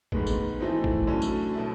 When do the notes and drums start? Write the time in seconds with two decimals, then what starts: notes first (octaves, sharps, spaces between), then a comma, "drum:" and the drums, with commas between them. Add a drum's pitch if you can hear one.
0.12 G#2 D#3 G#3 B3, drum: kick
0.27 drum: tambourine
0.60 E3 A3 C4 D#4
0.84 drum: kick
1.07 D3 F#3 A3 C#4
1.22 drum: tambourine
1.53 B2 F#3 A3